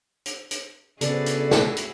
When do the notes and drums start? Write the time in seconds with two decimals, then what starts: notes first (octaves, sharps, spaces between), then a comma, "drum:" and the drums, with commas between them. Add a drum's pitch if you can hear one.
0.26 drum: hi-hat
0.51 drum: hi-hat
1.01 C#3 B3 D4 E4 F#4 G#4 A4 D5, drum: hi-hat
1.26 drum: hi-hat
1.51 drum: snare
1.77 drum: hi-hat